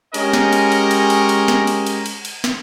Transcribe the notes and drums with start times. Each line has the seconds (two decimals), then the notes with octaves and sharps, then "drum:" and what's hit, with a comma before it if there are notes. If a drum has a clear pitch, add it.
0.14 G#3 C#4 G4 A#4 D#5, drum: cymbal
0.33 drum: snare
0.53 drum: cymbal
0.72 drum: cymbal
0.91 drum: cymbal
1.10 drum: cymbal
1.29 drum: cymbal
1.48 drum: snare
1.67 drum: cymbal
1.87 drum: cymbal
2.06 drum: cymbal
2.25 drum: cymbal
2.44 drum: snare